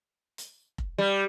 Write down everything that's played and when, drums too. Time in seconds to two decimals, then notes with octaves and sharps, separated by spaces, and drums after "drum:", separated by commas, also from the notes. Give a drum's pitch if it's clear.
0.38 drum: hi-hat
0.78 drum: kick F1
0.98 G3